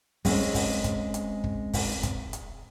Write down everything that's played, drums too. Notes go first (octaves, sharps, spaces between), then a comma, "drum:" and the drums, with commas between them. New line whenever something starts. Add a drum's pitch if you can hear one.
G#3 C4 C#4, drum: kick, open hi-hat
drum: kick, open hi-hat
drum: kick, hi-hat
drum: hi-hat
drum: kick
drum: kick, open hi-hat
drum: kick, hi-hat
drum: hi-hat